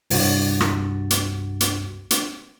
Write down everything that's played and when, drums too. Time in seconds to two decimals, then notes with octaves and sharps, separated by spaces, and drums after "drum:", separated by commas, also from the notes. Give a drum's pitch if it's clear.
0.10 C2 G2 F#4 A6, drum: open hi-hat
0.60 drum: rim click
1.10 drum: hi-hat
1.61 drum: hi-hat
2.11 drum: hi-hat